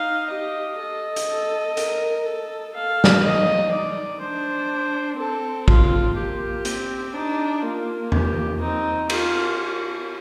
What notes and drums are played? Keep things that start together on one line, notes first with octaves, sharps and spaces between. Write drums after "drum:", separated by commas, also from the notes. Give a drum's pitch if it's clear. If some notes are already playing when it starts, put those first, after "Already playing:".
Already playing: D#4 F5
G4 D#5
A4 D#5
drum: hi-hat
A4
A#4, drum: hi-hat
A4
A4 F5
drum: snare
D#4 D#5
D5
D4 C5
C4 A4
F4, drum: kick A#1
A#3 G4
C4, drum: hi-hat
D4 D#4
A#3 F4
G4, drum: tom E2
C4 D#4
F4, drum: cymbal